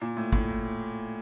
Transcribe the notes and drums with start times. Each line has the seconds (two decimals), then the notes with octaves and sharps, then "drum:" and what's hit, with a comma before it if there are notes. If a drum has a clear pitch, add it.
0.02 A#2
0.17 A2
0.33 A2, drum: kick G1